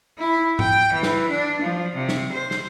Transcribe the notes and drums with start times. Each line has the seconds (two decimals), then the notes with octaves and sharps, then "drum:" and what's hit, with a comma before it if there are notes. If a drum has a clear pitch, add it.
0.18 E4
0.59 G5, drum: tom G#2
0.93 E3
1.03 drum: snare
1.30 D4
1.61 F3
1.95 C3
2.09 drum: snare
2.31 C5
2.51 drum: snare